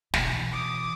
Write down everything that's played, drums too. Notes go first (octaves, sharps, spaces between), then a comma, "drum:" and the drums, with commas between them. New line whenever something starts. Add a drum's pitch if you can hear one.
B2 E3, drum: snare
D6 D#6